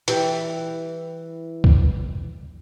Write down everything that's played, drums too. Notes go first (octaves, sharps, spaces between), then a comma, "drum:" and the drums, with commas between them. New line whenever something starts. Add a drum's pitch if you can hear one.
E3 G3, drum: hi-hat
drum: kick C#2